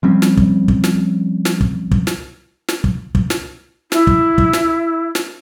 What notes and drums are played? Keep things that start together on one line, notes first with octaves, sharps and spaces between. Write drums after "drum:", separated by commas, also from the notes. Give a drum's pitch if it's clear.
F3 G3 C4 C#4
drum: snare
drum: kick
drum: kick
drum: snare
drum: snare
drum: kick
drum: kick
drum: snare
drum: snare
drum: kick
drum: kick
drum: snare
E4, drum: snare
drum: kick
drum: kick
drum: snare
drum: snare